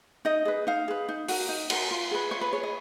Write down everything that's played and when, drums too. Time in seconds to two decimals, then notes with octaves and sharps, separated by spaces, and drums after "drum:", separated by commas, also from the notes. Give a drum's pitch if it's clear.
0.25 D#4 D#5
0.45 G#4 B4
0.67 D#4 F5
0.88 G#4 B4
1.09 D#4
1.28 F#4 A#4, drum: open hi-hat
1.49 D#4
1.70 F#4 A#4, drum: cymbal
1.91 F4
2.11 G#4 B4
2.31 F4 C#5
2.41 B4
2.52 G#4 B4 C#5
2.63 D#5